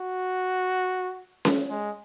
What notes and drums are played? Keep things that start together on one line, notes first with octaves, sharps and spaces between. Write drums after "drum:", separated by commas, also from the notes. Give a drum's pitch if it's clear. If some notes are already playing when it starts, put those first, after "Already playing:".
Already playing: F#4
drum: snare C#4
G#3